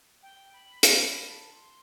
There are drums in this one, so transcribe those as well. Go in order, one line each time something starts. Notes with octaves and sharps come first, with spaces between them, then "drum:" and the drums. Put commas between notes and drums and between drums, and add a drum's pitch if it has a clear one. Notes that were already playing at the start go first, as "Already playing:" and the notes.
G5
B5
B5, drum: hi-hat
B5
A5
C6